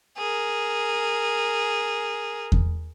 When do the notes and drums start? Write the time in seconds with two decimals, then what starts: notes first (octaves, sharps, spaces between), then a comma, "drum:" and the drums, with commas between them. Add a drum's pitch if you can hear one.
0.18 G#4 A#4
2.52 drum: kick E2